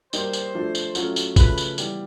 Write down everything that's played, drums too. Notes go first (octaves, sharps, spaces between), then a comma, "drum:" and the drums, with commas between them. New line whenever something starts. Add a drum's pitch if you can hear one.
G3 A#3 D#4 C5, drum: tambourine
drum: tambourine
F3 A3 D4
drum: tambourine
F#3 A3 C#4 F4, drum: tambourine
drum: tambourine
C#3 F3 A3 B4, drum: kick G#1, tambourine
drum: tambourine
E3 G3 B3, drum: tambourine